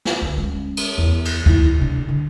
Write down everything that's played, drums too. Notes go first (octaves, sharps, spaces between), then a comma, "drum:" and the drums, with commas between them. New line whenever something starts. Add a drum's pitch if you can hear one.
drum: snare
D2
G#3 C#4
drum: cymbal
E2
drum: cymbal
D#2 E4, drum: kick C#2
C3 D4
D3